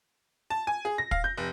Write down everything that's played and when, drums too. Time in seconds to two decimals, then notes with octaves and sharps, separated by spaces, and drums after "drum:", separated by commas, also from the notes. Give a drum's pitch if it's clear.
0.50 A5
0.67 G#5
0.85 G#4
0.98 A#6
1.11 F5, drum: kick
1.24 G6
1.37 F1